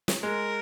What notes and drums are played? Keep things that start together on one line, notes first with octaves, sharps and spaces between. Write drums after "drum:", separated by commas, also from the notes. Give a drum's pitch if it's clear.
drum: snare
G#3 A#4